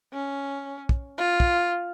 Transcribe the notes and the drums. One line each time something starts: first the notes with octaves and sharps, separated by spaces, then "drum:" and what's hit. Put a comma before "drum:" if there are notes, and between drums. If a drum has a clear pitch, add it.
C#4
drum: kick
F4
drum: kick